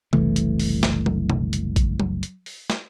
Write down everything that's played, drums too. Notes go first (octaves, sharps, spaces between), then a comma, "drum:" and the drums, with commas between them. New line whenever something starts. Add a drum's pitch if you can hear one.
F#1 C2 E3 A3, drum: tom C3
drum: hi-hat
drum: open hi-hat
drum: snare
drum: tom F#3
drum: tom B2
drum: hi-hat
drum: kick A1, hi-hat
drum: tom F#3
drum: hi-hat
drum: open hi-hat
drum: snare